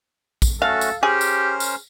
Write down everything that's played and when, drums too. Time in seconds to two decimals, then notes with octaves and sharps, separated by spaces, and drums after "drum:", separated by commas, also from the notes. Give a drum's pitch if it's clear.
0.42 drum: kick A#1, tambourine
0.62 A3 C#4 F#4 A4 F5
0.81 drum: tambourine
1.03 C#4 G4 G#4 A#4 C5
1.21 drum: tambourine
1.60 drum: tambourine